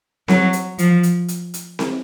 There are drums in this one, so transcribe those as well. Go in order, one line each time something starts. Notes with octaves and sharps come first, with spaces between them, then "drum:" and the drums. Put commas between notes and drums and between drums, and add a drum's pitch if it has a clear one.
F#3, drum: snare C4
drum: hi-hat
F3, drum: hi-hat
drum: hi-hat
drum: hi-hat
drum: hi-hat
drum: snare C4